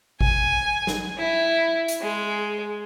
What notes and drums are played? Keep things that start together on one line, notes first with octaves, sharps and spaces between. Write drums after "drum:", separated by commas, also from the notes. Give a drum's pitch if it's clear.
G#5, drum: kick G#1
drum: snare
E4
drum: hi-hat
G#3